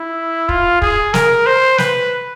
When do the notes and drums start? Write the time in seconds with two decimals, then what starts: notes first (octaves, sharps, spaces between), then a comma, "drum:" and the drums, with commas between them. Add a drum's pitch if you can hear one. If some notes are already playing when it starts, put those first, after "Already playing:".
Already playing: E4
0.49 F4, drum: kick
0.82 G#4, drum: kick
1.14 A#4, drum: snare
1.46 C5
1.78 B4, drum: snare